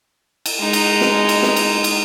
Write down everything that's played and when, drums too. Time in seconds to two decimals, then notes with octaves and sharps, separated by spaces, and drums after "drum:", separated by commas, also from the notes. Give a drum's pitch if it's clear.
0.46 drum: cymbal
0.59 G#3 D#4
0.73 drum: cymbal
1.01 drum: snare
1.29 drum: cymbal
1.43 drum: snare
1.56 drum: cymbal
1.84 drum: cymbal